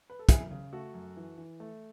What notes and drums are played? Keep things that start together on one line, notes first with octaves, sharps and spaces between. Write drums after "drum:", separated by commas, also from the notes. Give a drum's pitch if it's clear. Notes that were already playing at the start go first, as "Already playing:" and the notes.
B4
A4
F#2 E4 G#4, drum: kick, hi-hat
C#3
A3 F#4 A4
F#2
E3
E3
A3